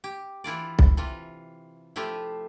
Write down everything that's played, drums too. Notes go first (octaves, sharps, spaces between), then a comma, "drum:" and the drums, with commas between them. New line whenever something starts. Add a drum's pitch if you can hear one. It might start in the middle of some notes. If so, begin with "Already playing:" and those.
G4
E3 E4 F4 D5
drum: kick B1
C3 E3 F4
F3 A3 E4 F4 G4